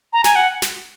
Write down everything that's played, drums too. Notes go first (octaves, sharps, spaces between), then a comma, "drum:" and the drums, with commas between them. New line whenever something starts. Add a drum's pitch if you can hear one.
A#5
G#5, drum: snare
F#5
drum: snare